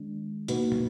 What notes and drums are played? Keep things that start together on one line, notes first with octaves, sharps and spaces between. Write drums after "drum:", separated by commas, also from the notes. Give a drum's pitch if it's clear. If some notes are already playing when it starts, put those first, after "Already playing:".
Already playing: D#3 G#3 D4
B2 A#3 D#4 F#4 B4, drum: hi-hat
drum: tom